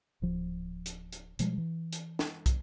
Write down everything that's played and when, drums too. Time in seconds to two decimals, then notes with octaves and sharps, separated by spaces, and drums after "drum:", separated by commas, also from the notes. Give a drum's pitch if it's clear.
0.22 D1 F3
0.86 drum: hi-hat
1.13 drum: hi-hat
1.39 B2 F3 G3 G#3, drum: hi-hat
1.58 E3
1.93 drum: hi-hat
2.19 drum: snare
2.46 drum: kick, hi-hat